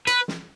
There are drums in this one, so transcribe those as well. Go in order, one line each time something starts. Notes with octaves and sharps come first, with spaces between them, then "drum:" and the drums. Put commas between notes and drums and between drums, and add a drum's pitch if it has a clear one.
B4, drum: hi-hat
drum: snare